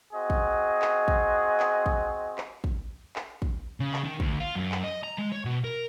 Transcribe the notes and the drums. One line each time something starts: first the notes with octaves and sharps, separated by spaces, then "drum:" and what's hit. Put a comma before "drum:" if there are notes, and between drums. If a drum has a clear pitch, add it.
C4 F#4 G#4 D#5
drum: kick
drum: clap
drum: kick
drum: clap
drum: kick
drum: clap
drum: kick
drum: clap
drum: kick
C#3
drum: clap
D#3
D2, drum: kick
F4
F#2
drum: clap
D#5
A#5
G#3
C#5
B2
A#4